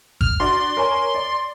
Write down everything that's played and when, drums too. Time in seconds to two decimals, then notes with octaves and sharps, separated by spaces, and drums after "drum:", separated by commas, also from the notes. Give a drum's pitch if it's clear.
0.21 F6, drum: kick G1
0.40 D4 F#4 D5 C6
0.77 A#4 C#5 G#5
1.15 D5